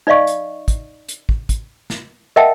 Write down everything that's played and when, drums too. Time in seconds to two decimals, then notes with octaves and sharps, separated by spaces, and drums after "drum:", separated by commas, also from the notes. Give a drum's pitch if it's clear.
0.07 D#4 D5 D#5 F5 C#6
0.27 drum: hi-hat
0.68 drum: kick, hi-hat
1.08 drum: hi-hat
1.29 drum: kick
1.49 drum: kick, hi-hat
1.90 drum: snare
2.36 A#4 D#5 E5 F#5 G5 A5